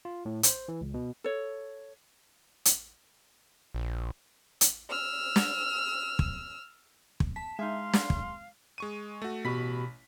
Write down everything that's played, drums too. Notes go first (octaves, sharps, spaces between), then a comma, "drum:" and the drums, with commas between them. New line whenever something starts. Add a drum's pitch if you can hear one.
F4
A2
C5, drum: hi-hat
E3
C#2
B2
A4 C#5
drum: hi-hat
A#1
drum: hi-hat
E6 F6
drum: snare
drum: kick
drum: kick
A5 B6
G#3 D#4 E5 F5 C6
drum: snare
drum: kick
G#3 C#6 D#7
A3 F#4
A1 B2 G4 B5 C#6 B6